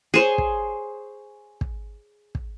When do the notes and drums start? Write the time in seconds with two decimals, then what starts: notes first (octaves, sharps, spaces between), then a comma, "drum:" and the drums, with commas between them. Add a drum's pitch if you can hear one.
0.14 G#4 C5 C#5
0.38 drum: kick
1.61 drum: kick
2.35 drum: kick